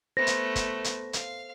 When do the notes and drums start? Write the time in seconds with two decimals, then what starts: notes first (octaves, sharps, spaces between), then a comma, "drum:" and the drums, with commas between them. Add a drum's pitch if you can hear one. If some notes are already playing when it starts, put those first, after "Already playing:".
0.17 A3 B3 C5 A#6
0.27 drum: hi-hat
0.56 drum: kick, hi-hat
0.84 drum: hi-hat
1.13 F5, drum: hi-hat